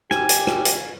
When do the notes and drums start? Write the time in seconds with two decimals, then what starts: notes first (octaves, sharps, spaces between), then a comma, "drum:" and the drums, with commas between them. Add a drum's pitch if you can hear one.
0.11 G4 G#5, drum: rim click
0.29 drum: hi-hat
0.47 drum: rim click
0.65 drum: hi-hat